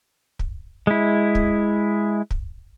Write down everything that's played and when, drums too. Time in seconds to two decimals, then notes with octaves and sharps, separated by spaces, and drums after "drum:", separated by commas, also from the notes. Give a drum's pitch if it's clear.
0.39 drum: kick
0.87 G#3 E4
1.35 drum: kick
2.31 drum: kick